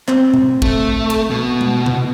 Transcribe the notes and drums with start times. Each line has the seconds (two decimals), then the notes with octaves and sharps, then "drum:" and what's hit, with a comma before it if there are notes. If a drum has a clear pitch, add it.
0.08 C4, drum: clap
0.34 drum: tom B2
0.62 A3, drum: kick
1.10 drum: cymbal
1.30 B2
1.61 drum: tom G#3
1.86 drum: tom C3